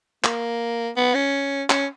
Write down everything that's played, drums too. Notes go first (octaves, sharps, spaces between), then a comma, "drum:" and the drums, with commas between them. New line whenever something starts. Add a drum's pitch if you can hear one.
A#3, drum: clap
B3
C#4
C#4, drum: clap